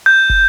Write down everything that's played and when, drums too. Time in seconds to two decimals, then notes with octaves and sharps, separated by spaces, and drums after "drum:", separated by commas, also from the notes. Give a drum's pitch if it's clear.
0.06 G6
0.30 drum: kick